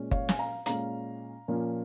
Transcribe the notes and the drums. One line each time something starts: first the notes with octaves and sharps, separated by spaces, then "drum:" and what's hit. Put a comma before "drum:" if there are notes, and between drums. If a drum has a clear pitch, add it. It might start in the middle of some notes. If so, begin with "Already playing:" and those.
Already playing: A#2 G#3 C#4
C#5 F5, drum: kick G1
G#5, drum: snare
F5 A#5
A#2 G#3 C#4 F5 A#5, drum: hi-hat
A#2 F3 A#3 C#4